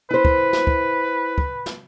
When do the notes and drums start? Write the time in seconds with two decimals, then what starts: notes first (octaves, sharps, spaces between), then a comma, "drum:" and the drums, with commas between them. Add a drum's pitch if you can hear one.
0.11 E4 B4 C5
0.25 drum: kick
0.53 drum: snare
0.67 drum: kick
1.38 drum: kick
1.66 drum: snare